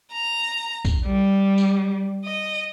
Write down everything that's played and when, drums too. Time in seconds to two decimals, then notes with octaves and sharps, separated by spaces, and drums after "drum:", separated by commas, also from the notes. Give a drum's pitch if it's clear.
0.12 A#5
0.85 drum: kick B1, tambourine
1.06 G3
1.58 drum: tambourine
2.24 D#5